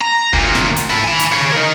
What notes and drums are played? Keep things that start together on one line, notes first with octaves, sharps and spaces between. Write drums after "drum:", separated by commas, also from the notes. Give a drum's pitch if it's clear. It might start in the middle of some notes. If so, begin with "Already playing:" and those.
A#5
D2 A#2, drum: kick
drum: snare
drum: hi-hat
A4 B5
G#5 B5
drum: hi-hat
C#5 F5
drum: tom D3
D#4 A#4